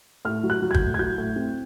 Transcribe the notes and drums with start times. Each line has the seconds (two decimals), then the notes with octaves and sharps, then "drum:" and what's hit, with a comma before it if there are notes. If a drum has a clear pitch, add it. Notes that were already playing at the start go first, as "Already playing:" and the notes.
0.25 A2 F6
0.43 F#3
0.50 F#6
0.62 F#3
0.71 G#6
0.74 G6, drum: kick
0.80 A2
0.94 G#6
0.99 F#3 G6
1.18 A2
1.36 C4